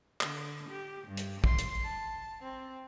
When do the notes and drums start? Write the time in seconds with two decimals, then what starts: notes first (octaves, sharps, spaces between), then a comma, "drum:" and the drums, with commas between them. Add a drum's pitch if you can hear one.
0.21 D3, drum: clap
0.69 G4
1.06 G2
1.17 drum: hi-hat
1.44 C6, drum: kick
1.58 drum: hi-hat
1.83 A5
2.42 C4